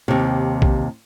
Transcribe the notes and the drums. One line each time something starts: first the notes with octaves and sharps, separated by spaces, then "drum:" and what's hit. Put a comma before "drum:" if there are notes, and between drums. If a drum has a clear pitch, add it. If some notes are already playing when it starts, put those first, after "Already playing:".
D#2 C3
drum: kick A#1